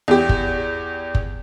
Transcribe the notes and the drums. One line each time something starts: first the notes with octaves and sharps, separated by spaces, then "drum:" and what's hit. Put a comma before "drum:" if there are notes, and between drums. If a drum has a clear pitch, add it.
E2 G4
drum: kick
drum: kick